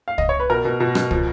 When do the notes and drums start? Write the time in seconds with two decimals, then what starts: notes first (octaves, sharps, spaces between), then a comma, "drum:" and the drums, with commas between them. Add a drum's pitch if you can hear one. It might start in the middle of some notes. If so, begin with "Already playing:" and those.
0.08 F5
0.18 D#5, drum: kick
0.29 C#5
0.40 B4
0.50 B2 A#4
0.65 B2
0.80 B2
0.95 B2, drum: rim click
1.11 F3, drum: kick